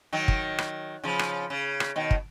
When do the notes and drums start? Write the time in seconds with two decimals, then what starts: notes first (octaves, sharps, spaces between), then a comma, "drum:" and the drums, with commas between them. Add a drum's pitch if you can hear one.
0.13 D#3 F#3
0.28 drum: kick
0.58 drum: rim click
1.04 C#3 F3
1.19 drum: rim click
1.50 C#3
1.80 drum: rim click
1.96 B2 D#3
2.11 drum: kick